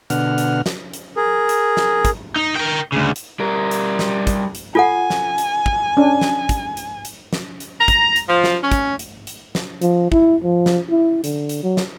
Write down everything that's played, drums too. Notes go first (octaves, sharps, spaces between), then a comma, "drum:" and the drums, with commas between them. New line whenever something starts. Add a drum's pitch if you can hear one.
B2 D3 F#5 F6, drum: hi-hat
drum: hi-hat
drum: snare
drum: hi-hat
G#4 A#4
drum: hi-hat
drum: snare
drum: kick, hi-hat
D#4
A#4 G5
D2 C#3
drum: hi-hat
G3 A#4
drum: hi-hat
drum: snare
drum: kick, hi-hat
drum: hi-hat
F4 A4 F#5 G#5
drum: snare
drum: hi-hat
drum: kick
C#4 D4
drum: snare
drum: kick, hi-hat
drum: hi-hat
drum: hi-hat
drum: snare
drum: hi-hat
A#5
drum: kick, hi-hat
drum: hi-hat
F3
drum: snare
C#4
drum: kick, hi-hat
drum: hi-hat
drum: hi-hat
drum: snare
F3, drum: hi-hat
E4, drum: kick
F3
drum: snare
E4
D3, drum: hi-hat
drum: hi-hat
F#3
drum: snare